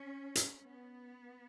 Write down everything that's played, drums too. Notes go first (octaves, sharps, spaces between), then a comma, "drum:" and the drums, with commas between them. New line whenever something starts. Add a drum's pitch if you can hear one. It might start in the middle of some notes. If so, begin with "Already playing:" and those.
Already playing: C#4
drum: hi-hat
B3